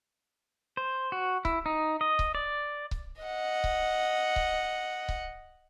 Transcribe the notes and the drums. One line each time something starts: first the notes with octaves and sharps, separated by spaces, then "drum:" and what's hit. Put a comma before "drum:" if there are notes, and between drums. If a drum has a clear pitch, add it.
C5
F#4
E4, drum: kick C#1
D#4
D#5
drum: kick C#1
D5
drum: kick C#1
D#5 F#5
drum: kick C#1
drum: kick C#1
drum: kick C#1